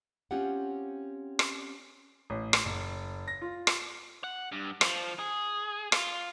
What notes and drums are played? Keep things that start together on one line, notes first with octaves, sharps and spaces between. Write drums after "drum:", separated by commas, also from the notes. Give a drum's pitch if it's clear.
C4 C#4 F4 G4 F#5
drum: rim click
A1
drum: rim click
F#1
A#6
F4
drum: rim click
F#5
G2
F3, drum: rim click
G#4
F4, drum: rim click